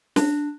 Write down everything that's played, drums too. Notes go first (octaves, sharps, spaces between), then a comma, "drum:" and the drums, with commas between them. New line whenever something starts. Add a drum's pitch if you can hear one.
D4, drum: snare